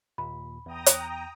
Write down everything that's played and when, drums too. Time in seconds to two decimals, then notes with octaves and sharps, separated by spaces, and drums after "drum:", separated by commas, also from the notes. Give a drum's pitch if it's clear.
0.18 D#2 A#2 B5
0.66 E2 G5 A#5 D#6
0.86 drum: hi-hat